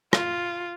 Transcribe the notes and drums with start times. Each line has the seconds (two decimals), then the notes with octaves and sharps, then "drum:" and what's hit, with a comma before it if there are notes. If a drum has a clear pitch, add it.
0.13 F4, drum: rim click